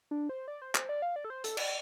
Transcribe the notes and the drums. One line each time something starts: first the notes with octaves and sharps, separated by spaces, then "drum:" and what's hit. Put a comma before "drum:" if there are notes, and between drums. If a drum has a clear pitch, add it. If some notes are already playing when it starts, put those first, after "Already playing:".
D4
C5
D5
C5
C5, drum: clap
D5
F5
D5
A4
C5
A4, drum: hi-hat
D5, drum: cymbal